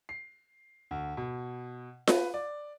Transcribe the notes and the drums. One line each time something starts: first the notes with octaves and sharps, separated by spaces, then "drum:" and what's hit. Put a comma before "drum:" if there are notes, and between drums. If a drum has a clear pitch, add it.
C7
D2
B2
B4, drum: snare F4
D5